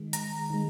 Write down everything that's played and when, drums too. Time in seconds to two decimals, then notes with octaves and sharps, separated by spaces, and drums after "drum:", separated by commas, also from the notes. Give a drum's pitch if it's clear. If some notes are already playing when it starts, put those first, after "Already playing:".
Already playing: D#3 G#3
0.13 A#5, drum: hi-hat
0.50 D#3 G#3